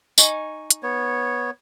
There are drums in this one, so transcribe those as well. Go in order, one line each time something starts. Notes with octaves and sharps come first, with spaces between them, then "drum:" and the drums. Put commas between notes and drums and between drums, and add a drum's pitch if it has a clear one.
D#4 G#5 C#6, drum: tambourine
drum: hi-hat
B3 C#5